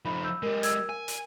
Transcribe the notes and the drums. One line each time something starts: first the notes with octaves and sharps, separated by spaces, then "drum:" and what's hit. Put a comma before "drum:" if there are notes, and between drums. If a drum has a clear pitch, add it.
F3 D#4 B5
E6 G6
G#3 G4 A#4
E6 G#6, drum: hi-hat
G#5
drum: hi-hat